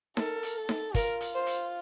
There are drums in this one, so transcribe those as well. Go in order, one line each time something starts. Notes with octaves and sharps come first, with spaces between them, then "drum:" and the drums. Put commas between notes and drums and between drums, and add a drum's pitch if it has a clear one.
A4 A#4, drum: snare D#4
drum: hi-hat
A4
drum: snare D#4
F4 A#4, drum: kick, hi-hat
drum: hi-hat
C5
drum: hi-hat